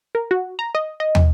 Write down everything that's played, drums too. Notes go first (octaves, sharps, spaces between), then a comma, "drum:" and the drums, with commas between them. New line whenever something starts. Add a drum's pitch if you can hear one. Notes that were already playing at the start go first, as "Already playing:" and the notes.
A#4
F#4
A#5
D#5
D#5
drum: tom